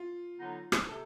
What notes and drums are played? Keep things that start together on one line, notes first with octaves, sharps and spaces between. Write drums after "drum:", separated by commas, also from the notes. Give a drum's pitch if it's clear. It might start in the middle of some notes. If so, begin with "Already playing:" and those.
Already playing: F4
D3 F#3 B3 D#4
drum: rim click
C3 A4